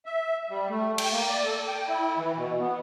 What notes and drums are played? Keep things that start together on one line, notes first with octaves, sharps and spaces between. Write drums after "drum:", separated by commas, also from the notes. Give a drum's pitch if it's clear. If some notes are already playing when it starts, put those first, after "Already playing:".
E5
G3
A3
G5, drum: cymbal
A#3
D5
A4
G5
E4
E3
B2
B3